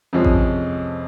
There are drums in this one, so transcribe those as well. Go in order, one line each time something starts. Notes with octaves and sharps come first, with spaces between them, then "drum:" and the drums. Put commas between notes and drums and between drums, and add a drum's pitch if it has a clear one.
F2 C3 F3 G#3 C#4
drum: kick A1